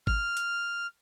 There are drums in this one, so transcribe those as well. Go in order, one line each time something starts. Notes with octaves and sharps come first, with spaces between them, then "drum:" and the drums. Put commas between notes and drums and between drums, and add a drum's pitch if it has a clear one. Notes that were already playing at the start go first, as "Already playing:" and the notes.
F6, drum: kick G#1
drum: hi-hat